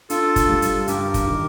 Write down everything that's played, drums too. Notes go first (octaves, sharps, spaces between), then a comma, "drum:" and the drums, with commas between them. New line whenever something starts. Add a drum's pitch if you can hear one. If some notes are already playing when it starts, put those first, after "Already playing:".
D4 F4 A4, drum: hi-hat
drum: kick, hi-hat
G3
drum: hi-hat
G2 G4 A#4, drum: hi-hat
drum: kick, hi-hat
D#3